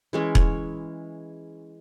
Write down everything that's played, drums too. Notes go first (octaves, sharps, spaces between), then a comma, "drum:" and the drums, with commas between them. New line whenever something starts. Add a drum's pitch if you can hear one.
E3 G#3 C#4
C#5, drum: kick E1